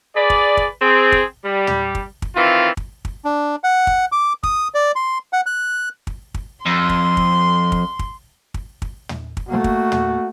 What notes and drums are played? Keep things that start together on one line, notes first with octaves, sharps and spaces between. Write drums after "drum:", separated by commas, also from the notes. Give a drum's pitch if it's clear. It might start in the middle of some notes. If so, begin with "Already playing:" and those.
G#4 B4 D5
drum: kick
drum: kick
C4 G#4
drum: kick
G3
drum: tom
drum: kick
drum: kick
D#3 E3 C4 F4
drum: kick
drum: kick
D4
F#5
drum: kick
D6
D#6, drum: kick
D5
C6
F#5
F#6
drum: kick
drum: kick
F2 C6
drum: kick
drum: kick
drum: kick
drum: kick
drum: kick
drum: kick
drum: tom
drum: kick
A3 A#3 F#4
drum: kick
drum: tom